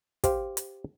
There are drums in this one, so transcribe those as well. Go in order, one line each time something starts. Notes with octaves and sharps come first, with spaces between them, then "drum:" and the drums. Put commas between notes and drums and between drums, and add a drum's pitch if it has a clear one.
G4 C5 F5, drum: kick, hi-hat
drum: hi-hat